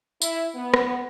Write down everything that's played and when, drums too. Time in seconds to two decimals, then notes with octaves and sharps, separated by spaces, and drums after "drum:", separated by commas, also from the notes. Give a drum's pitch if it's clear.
0.22 E4, drum: tambourine
0.56 B3
0.74 drum: rim click